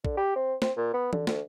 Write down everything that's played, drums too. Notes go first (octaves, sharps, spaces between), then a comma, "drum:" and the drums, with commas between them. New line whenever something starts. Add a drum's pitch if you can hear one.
D3, drum: kick
G4
C4
C4, drum: snare
A#2
B3
D3, drum: tom E3
D2, drum: snare